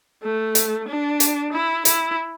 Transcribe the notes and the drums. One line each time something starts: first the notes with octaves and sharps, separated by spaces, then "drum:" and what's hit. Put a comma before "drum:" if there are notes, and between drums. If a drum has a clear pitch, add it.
A3
drum: hi-hat
D4
drum: hi-hat
E4
E4, drum: hi-hat